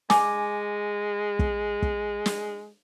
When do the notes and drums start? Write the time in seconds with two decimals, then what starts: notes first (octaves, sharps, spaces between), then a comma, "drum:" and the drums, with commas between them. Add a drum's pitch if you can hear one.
0.10 G#3 G#5 D6, drum: snare
1.39 drum: kick
1.82 drum: kick
2.26 drum: snare